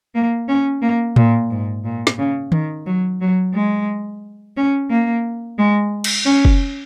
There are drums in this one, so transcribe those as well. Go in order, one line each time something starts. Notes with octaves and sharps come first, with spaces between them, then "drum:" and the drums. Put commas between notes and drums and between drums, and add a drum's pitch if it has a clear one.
A#3
C#4
A#3
A#2, drum: tom A2
G#2
A#2
drum: snare
C#3
D#3, drum: tom
F#3
F#3
G#3
C#4
A#3
G#3
drum: cymbal
C#4
drum: kick